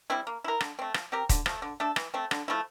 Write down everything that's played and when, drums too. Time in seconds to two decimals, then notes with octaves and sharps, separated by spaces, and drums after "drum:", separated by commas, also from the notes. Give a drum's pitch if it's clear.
0.10 G3 C4 E4
0.27 A#3
0.44 E4 A#4
0.61 D3, drum: rim click
0.79 A3 C4
0.94 F3, drum: rim click
1.12 C4 G4 A#4
1.29 D3, drum: kick D#1, hi-hat
1.46 F3 A3, drum: rim click
1.62 D3
1.80 A3 D4 A4
1.96 E3, drum: rim click
2.14 A3 C4
2.31 D3, drum: rim click
2.48 F3 A3 E4